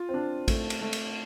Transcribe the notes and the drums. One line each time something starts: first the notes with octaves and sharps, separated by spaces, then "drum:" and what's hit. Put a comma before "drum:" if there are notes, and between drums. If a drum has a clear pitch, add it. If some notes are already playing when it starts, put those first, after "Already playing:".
Already playing: F4
C4
D4
A3, drum: kick A1, cymbal
drum: cymbal
A3
drum: cymbal